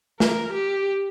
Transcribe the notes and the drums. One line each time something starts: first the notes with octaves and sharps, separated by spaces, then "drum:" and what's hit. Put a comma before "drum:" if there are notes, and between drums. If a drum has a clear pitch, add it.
A#4, drum: snare
G4